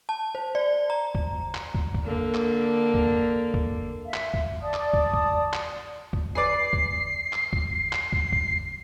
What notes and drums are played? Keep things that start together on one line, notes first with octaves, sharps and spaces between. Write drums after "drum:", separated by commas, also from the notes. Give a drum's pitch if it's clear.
A5
C5
D5
A#5
drum: kick
drum: clap
drum: kick
drum: kick
D3 A#3
drum: clap
drum: kick
drum: kick
E5 F5
drum: clap
drum: kick
D5 A5 D#6
drum: clap
drum: kick
drum: kick
drum: clap
drum: kick
G#4 B4 D5 C7
drum: kick
drum: clap
drum: kick
drum: clap
drum: kick
drum: kick